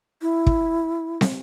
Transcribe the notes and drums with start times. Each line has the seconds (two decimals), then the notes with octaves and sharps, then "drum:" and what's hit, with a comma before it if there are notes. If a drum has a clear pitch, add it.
0.22 E4
0.47 drum: kick
1.21 drum: snare